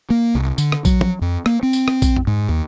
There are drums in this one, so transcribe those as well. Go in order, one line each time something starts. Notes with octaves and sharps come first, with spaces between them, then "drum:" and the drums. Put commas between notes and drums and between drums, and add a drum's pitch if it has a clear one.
A#3
C2
D3, drum: tambourine
drum: rim click
F#3, drum: kick A#1, tambourine
drum: tom
F2
A#3, drum: rim click
C4
drum: tambourine
drum: rim click
drum: kick A#1, tambourine
drum: tom
G#2
D#2